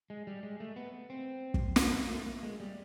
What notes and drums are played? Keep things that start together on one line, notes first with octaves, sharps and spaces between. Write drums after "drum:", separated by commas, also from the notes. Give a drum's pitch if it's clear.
G#3
G3
G#3
A3
B3
C4
drum: kick
B3, drum: snare
A#3
A3
A#3
G#3
G3